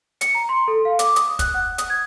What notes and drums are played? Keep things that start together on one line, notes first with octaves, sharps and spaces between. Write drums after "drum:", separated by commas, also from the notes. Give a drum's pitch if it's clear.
C#7, drum: hi-hat
A#5
C6
A4
F5
D6, drum: hi-hat
D#6, drum: hi-hat
F#6, drum: kick, hi-hat
F#5
D#6, drum: hi-hat
G#6